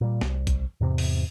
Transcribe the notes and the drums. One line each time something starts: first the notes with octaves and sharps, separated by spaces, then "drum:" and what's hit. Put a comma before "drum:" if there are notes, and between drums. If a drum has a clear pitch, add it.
A#2 G3
C2, drum: snare
drum: kick A#1, hi-hat
E2 G#2 C3 C4
drum: open hi-hat